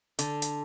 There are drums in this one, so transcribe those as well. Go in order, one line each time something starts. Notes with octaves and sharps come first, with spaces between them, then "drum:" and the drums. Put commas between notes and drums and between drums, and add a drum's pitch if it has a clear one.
D3, drum: hi-hat
drum: hi-hat